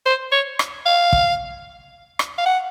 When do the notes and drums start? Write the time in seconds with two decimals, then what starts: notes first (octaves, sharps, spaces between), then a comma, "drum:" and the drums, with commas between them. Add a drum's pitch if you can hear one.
0.06 C5
0.32 C#5
0.59 drum: rim click
0.86 F5
1.13 drum: kick
2.19 drum: rim click
2.38 F5
2.46 F#5